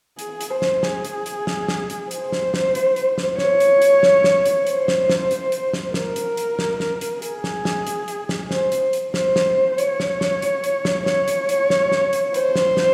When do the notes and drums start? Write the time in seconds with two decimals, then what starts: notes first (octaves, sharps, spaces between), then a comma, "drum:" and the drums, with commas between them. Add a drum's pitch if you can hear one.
0.19 G#4, drum: hi-hat
0.41 drum: hi-hat
0.51 C5
0.62 drum: snare
0.83 G#4, drum: snare
1.05 drum: hi-hat
1.26 drum: hi-hat
1.47 drum: snare
1.68 drum: snare
1.90 drum: hi-hat
2.11 C5, drum: hi-hat
2.32 drum: snare
2.54 drum: snare
2.75 drum: hi-hat
2.96 drum: hi-hat
3.18 drum: snare
3.38 C#5, drum: snare
3.60 drum: hi-hat
3.82 drum: hi-hat
4.03 drum: snare
4.24 drum: snare
4.46 drum: hi-hat
4.67 C5, drum: hi-hat
4.88 drum: snare
5.09 drum: snare
5.31 drum: hi-hat
5.52 drum: hi-hat
5.73 drum: snare
5.94 A#4, drum: snare
6.16 drum: hi-hat
6.37 drum: hi-hat
6.59 drum: snare
6.80 drum: snare
7.01 drum: hi-hat
7.22 G#4, drum: hi-hat
7.44 drum: snare
7.65 drum: snare
7.87 drum: hi-hat
8.08 drum: hi-hat
8.29 drum: snare
8.51 C5, drum: snare
8.72 drum: hi-hat
8.93 drum: hi-hat
9.14 C5, drum: snare
9.36 drum: snare
9.78 C#5, drum: hi-hat
10.00 drum: snare
10.21 drum: snare
10.42 drum: hi-hat
10.64 drum: hi-hat
10.85 drum: snare
11.06 C#5, drum: snare
11.28 drum: hi-hat
11.49 drum: hi-hat
11.70 drum: snare
11.92 drum: snare
12.13 drum: hi-hat
12.34 C5, drum: hi-hat
12.56 drum: snare
12.77 drum: snare